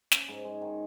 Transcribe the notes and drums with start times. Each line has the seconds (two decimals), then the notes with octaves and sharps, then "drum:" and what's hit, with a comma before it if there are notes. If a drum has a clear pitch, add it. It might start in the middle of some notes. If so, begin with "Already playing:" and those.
0.12 C#4, drum: snare
0.28 G#2
0.45 G#3
0.61 D#3